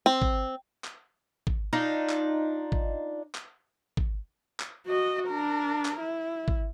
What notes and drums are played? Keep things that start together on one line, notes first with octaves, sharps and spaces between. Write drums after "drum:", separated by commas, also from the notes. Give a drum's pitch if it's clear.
C4
drum: kick
drum: clap
drum: kick
D4 D#4 F4
drum: clap
drum: kick
drum: clap
drum: kick
drum: clap
F#4 D#5
D4 A#4
drum: clap
E4
drum: kick